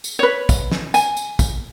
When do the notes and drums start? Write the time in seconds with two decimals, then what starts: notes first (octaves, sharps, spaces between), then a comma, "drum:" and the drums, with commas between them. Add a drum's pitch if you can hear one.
0.04 drum: tambourine
0.19 B4 C#5
0.49 drum: kick, tambourine
0.72 drum: snare
0.94 G#5, drum: tambourine
1.17 drum: tambourine
1.39 drum: kick, tambourine